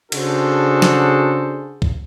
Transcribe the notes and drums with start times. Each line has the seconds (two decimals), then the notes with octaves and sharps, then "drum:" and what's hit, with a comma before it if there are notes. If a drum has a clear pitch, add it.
0.12 C#3 D4 F#4 G#4 A4 C5, drum: cymbal
0.82 drum: snare
1.82 drum: kick B1